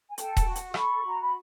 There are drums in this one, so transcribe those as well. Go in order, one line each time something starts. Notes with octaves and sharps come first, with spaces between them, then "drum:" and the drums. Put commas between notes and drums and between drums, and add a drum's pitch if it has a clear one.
G#5
A4 G5 A5, drum: hi-hat
drum: kick D#1, hi-hat
F#4
drum: hi-hat
A4 B5 C#6, drum: rim click
F#4 A#5
B5